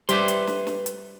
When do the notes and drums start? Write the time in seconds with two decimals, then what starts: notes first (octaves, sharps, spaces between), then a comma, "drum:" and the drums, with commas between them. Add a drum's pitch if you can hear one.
0.09 G3 G4 B4 C5 E5 C6, drum: hi-hat
0.28 drum: hi-hat
0.47 drum: snare
0.67 drum: snare
0.86 drum: hi-hat